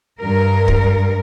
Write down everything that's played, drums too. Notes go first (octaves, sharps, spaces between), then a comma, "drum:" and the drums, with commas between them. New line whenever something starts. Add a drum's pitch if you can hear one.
G2 A#4
drum: kick